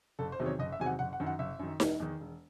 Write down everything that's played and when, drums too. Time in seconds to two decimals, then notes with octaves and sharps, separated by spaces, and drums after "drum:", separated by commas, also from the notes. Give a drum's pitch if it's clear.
0.19 F#1 A4
0.32 C5
0.39 E2 C3 D#3 F#3
0.46 C#5
0.59 F#1 D#5
0.72 E5
0.79 E2 C3 D#3 F#3 G#5
0.86 F#5
0.99 F#1 F#5
1.13 F#5
1.20 F#2 D#3
1.26 F#5
1.39 F#1 E5
1.59 F#2 D#3
1.80 E1, drum: snare D#4
2.00 E2 D#3
2.21 E1